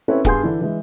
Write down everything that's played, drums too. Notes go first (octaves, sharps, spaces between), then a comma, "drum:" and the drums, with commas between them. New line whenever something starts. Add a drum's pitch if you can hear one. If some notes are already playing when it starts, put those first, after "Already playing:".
C4 C#4 E4 A4 B4
G2 B3 G#4 C6 G6, drum: kick
D3 E3 D4 E4
E3 G#3